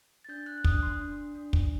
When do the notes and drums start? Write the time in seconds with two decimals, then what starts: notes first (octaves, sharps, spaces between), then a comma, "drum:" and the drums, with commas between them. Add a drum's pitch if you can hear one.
0.24 A6
0.29 D4 G6
0.46 F#6
0.58 F#6
0.64 D4 D#6, drum: kick
0.83 C6
1.00 D4
1.35 D4
1.53 drum: kick